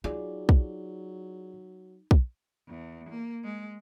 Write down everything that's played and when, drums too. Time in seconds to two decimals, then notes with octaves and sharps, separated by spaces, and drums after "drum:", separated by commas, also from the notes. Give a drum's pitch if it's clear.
0.04 F#3 D#4 F4 G#4 D5
0.49 drum: kick
2.11 drum: kick
2.68 E2
3.09 A#3
3.44 G#3